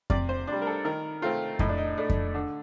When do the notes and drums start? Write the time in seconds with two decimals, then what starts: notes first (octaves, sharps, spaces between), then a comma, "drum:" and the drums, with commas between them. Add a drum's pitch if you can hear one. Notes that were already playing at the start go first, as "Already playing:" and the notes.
0.10 C3 D5, drum: kick F2
0.29 C5
0.47 G3 D4
0.62 A#4
0.67 A4
0.85 D#3 A#4
1.22 A3 C4 F4
1.59 A2 D#4, drum: kick F2
1.69 D4
1.78 D#4
1.97 A3 D4
2.10 drum: kick F2
2.34 D3